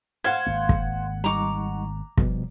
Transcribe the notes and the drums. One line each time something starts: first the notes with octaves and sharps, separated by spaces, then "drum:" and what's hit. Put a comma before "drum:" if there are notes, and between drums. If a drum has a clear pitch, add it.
C5 F5 F#5 G#6
G#1 A#3
drum: kick
G3 D#4 A#5 C#6 D6
B2 F3 G3, drum: kick